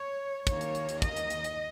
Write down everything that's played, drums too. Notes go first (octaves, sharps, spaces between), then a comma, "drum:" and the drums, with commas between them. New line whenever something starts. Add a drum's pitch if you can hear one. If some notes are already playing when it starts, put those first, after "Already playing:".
Already playing: C#5
D#2 D#3 A#3 C#5, drum: kick, hi-hat
drum: hi-hat
drum: hi-hat
drum: hi-hat
D#5, drum: kick, hi-hat
drum: hi-hat
drum: hi-hat
drum: hi-hat